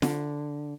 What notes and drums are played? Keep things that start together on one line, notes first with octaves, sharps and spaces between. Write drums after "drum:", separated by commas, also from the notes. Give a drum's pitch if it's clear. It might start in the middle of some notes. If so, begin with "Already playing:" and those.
D3, drum: snare